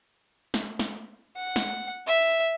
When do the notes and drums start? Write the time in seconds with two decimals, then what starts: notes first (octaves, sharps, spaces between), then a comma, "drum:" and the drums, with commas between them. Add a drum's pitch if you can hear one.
0.54 drum: snare
0.79 drum: snare
1.36 F#5
1.56 drum: snare
2.07 E5